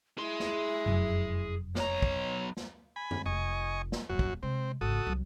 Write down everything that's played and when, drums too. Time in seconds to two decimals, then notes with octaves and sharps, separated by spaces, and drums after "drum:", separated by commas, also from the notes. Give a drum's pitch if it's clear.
0.18 E4 G#4 C6
0.40 drum: snare
0.86 F1 F#2
1.75 B1 C#5 A#5, drum: snare
2.02 drum: kick
2.57 drum: snare
2.96 G#5 B5
3.11 drum: tom
3.26 F1 D#5 G#5 C#6
3.92 drum: snare
4.09 D#1 F#2 F#4
4.19 drum: kick
4.43 C3 G#3 C4
4.81 G#1 C#2 F#4 A4 D#6
5.07 C2 F#3